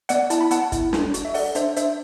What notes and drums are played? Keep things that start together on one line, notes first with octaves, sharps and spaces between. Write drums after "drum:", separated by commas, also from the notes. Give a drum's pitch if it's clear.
B3 D5 F#5, drum: hi-hat
E4 A5, drum: hi-hat
B5
B3 F#5 A5, drum: hi-hat
E4, drum: kick, hi-hat
D4, drum: snare
F#4, drum: hi-hat
E5
A4 D5 F#5, drum: open hi-hat
D4 C5 E5, drum: hi-hat
D4 C5 E5, drum: hi-hat